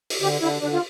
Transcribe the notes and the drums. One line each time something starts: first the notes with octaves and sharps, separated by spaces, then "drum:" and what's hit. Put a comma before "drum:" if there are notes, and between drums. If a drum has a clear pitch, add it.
drum: open hi-hat
D3 G4
D3 E4
D3 D4
F4